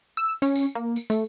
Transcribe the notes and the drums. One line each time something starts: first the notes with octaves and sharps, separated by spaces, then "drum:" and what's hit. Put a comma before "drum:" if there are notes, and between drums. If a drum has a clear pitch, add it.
E6
C#4, drum: tambourine
drum: tambourine
A#3
drum: tambourine
A3, drum: tambourine